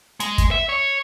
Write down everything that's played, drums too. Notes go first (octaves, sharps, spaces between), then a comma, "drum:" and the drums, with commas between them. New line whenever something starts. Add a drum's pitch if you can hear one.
G#3, drum: hi-hat
drum: kick, hi-hat
E5
C#5